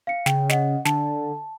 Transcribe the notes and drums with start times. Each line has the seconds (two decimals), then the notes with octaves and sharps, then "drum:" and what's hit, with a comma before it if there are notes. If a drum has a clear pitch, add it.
0.07 F5 C#7
0.26 C#3 G5, drum: snare
0.49 D#5 F#5, drum: snare
0.85 D3 A5, drum: snare